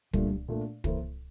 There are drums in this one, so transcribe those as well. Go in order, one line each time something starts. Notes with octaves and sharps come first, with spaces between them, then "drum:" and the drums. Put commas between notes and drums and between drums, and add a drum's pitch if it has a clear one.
A#2 G3 A3 D4, drum: kick
A#2 A3 D4
E3 A#3 E4 A4 C5, drum: kick